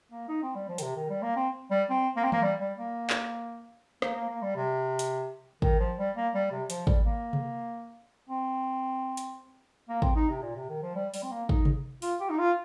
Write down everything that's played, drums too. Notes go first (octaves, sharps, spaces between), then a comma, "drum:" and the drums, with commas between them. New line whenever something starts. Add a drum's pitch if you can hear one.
A#3
D#4
C4
G3
F3
D#3, drum: hi-hat
C3
D#3
G3
A#3
C4
G3
C4
A#3
C4
A#3, drum: tom E3
G3
G3
A#3
drum: clap
A#3, drum: rim click
A#3
A#3
G3
C3
drum: hi-hat
D#3, drum: kick
F3
G3
A#3
G3
C3
F3, drum: hi-hat
G3, drum: kick
A#3
drum: tom C3
C4
drum: hi-hat
A#3
C4, drum: kick
D#4
C3
A#2
C3
D#3
F3
G3
G3, drum: open hi-hat
C4
A#3
D#4, drum: kick
drum: tom C3
F4, drum: open hi-hat
G4
D#4
F4